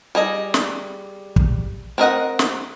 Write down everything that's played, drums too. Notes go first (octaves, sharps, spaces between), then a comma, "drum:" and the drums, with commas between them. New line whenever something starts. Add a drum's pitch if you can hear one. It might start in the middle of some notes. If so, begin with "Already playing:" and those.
G3 G#4 D#5
drum: snare
drum: kick
C4 A#4 D#5 F#5
drum: snare